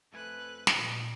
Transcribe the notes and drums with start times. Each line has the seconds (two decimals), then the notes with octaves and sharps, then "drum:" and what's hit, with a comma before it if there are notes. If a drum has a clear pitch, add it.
0.13 F2 A3 B4 G#5 F#6
0.67 A#2 D5 D#5, drum: snare